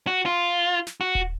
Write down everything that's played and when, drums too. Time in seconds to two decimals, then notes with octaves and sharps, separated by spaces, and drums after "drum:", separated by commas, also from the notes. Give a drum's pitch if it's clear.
0.07 F#4
0.26 F4
0.87 drum: snare
1.01 F#4
1.15 drum: kick D#1